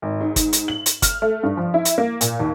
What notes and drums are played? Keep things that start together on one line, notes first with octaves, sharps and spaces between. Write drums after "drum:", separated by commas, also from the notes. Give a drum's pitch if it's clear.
G#1
G#2
drum: kick G1, hi-hat
drum: hi-hat
F#7
drum: hi-hat
F6, drum: kick G1, hi-hat
A3
G2
F3
E4
drum: hi-hat
A#3
A#2, drum: hi-hat
D#2